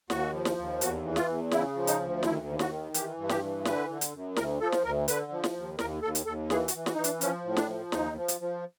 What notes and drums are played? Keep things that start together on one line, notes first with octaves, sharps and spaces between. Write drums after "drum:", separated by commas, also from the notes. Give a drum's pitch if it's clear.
D#2 F#4, drum: snare
F3
drum: snare
D#2
E2 F#4, drum: hi-hat
E3
F4, drum: snare
E2
C#3 E4, drum: snare
F3
D#4, drum: hi-hat
D2
D#2 E4, drum: snare
D#2
F#4, drum: snare
D#3
E3 G4, drum: hi-hat
G2
G4, drum: snare
E3
D3 B4, drum: snare
D3
drum: hi-hat
F#2
D2 A#4, drum: snare
F3 A4
drum: snare
D2 A#4
D3 B4, drum: hi-hat
F3
drum: snare
D#2
D#2 A#4, drum: snare
D#2 A4
drum: hi-hat
D#2 A4
E3 G#4, drum: snare
F#4, drum: hi-hat
E3
F#4, drum: snare
E3 D#4
D4, drum: hi-hat
F3 C#4, drum: hi-hat
A2
D4, drum: snare
F3
D#2 D#4, drum: snare
F3
drum: hi-hat
F3